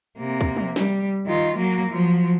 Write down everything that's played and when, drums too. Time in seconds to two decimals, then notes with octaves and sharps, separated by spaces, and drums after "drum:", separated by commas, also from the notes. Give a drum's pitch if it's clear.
0.19 C3 A#3
0.41 drum: kick
0.57 drum: tom
0.76 G3, drum: snare
1.26 D#3 F4
1.57 F#3 A#3
1.90 F3 F#3